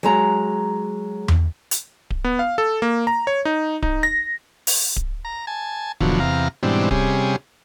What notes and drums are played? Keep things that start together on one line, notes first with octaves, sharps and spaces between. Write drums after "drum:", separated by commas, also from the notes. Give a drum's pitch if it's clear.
F#3 G#3 A#5
drum: tom E2
drum: hi-hat
drum: kick D1
B3
F5
A4
A#3
A#5
C#5
D#4
D#4, drum: kick D1
A#6
drum: open hi-hat
drum: kick D1
A#5
G#5 A5
E2 B2 D3 F3 F#3, drum: kick D1
E2 C3 F5 A#5
G#2 B2 E3 G3 C4 D4
C3 G3 C#4 G#4, drum: kick D1